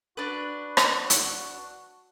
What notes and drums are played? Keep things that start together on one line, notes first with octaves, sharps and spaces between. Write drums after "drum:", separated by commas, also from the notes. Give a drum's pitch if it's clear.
D4 F#4 B4
drum: rim click
drum: hi-hat